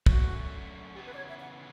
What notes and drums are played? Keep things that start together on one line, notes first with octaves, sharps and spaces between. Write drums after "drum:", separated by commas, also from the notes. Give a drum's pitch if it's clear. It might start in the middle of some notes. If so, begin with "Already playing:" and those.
F#2 D3 A3 C#4 F#4, drum: kick
C#3 E3 B3 G4
B4
D5
C#5
E5
F#5